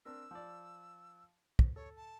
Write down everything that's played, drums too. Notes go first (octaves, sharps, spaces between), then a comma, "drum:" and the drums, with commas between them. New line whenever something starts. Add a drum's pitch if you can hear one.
C4 D4 A#4 E6
F3 D5
drum: kick
A4 C#5
A5